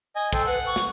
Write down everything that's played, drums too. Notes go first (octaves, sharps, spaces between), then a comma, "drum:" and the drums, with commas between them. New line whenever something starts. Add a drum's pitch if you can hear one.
D#5 G#5
A4 C5 G5, drum: kick, hi-hat
B4 F#5
C#6
drum: snare